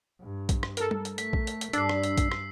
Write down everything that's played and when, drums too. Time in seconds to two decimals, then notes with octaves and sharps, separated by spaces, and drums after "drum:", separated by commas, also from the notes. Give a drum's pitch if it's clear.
0.21 G2
0.49 drum: kick A#1, hi-hat
0.63 drum: rim click
0.77 A4 A#4, drum: hi-hat
0.91 drum: tom G3
1.05 drum: hi-hat
1.18 A3 B6, drum: hi-hat
1.33 drum: kick A#1
1.47 drum: hi-hat
1.61 drum: hi-hat
1.73 G2 D4 E6 C7, drum: hi-hat
1.89 drum: rim click
2.03 drum: hi-hat
2.17 drum: kick A#1, hi-hat
2.32 drum: rim click